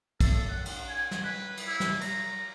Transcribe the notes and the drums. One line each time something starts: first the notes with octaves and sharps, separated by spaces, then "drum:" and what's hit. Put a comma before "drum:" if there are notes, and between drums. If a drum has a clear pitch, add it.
A4, drum: kick, cymbal
F#5
drum: cymbal
G#5
drum: snare
B4
drum: cymbal
E4
drum: snare
A#5, drum: cymbal